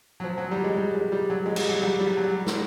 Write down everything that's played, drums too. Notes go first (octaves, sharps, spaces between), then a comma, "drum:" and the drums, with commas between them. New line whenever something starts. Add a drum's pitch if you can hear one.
F#3
F3
F#3
G3
G#3
G3
G#3
G3
F#3
G#3
G3, drum: cymbal
F#3
G3
G3
F#3
G3
drum: snare